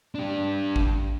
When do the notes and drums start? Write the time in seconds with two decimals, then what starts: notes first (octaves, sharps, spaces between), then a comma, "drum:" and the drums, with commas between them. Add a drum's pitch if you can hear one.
0.15 D4 G4
0.76 drum: kick G#1